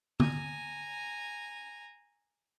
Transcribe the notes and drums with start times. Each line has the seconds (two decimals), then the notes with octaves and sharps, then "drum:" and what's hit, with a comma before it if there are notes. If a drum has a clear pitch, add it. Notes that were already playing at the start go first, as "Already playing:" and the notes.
0.20 G#5 A#5, drum: tom D3